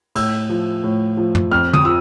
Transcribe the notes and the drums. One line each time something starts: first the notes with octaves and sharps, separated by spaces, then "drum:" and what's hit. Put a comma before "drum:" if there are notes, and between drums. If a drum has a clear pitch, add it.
A2 E6, drum: cymbal
F3
A2
F3
drum: tom
F2 F6
D#6, drum: tom
F3 E6